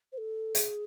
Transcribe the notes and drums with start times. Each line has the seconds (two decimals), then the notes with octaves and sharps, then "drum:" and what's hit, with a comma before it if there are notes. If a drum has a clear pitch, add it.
0.12 C5
0.17 A4
0.55 G#4, drum: hi-hat